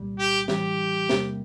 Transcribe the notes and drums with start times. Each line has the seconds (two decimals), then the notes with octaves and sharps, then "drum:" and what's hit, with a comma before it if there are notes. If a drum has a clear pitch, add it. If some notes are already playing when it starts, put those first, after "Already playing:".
Already playing: C2 A#2 G3
0.19 G4
0.48 A2 E3 G3 G4, drum: snare
1.09 E2 C3 G3 A#3, drum: snare